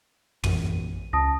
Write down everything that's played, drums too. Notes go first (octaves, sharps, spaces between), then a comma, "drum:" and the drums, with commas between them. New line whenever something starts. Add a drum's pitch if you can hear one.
A#1 F#2 E3 D#7, drum: tom
C#2 A5 D#6 A#6